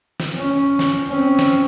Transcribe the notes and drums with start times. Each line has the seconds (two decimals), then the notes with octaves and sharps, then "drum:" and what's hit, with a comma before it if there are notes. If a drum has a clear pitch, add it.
0.20 drum: snare
0.36 C#4
0.79 drum: snare
1.09 C4 C#4
1.39 drum: snare